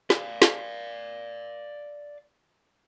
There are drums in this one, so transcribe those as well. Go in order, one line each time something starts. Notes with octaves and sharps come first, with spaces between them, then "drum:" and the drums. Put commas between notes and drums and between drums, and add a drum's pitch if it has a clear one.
D5 F5, drum: snare
drum: snare